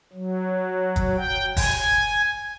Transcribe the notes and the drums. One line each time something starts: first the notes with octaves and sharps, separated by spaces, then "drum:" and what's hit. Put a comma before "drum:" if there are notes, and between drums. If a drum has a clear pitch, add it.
F#3
drum: kick, hi-hat
G5
G#5, drum: kick, open hi-hat